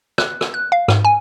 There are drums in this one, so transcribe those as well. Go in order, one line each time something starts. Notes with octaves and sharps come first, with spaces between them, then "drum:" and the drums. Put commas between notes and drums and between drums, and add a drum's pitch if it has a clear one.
F#6, drum: rim click
drum: rim click
F#6
F5
G#2, drum: rim click
G#5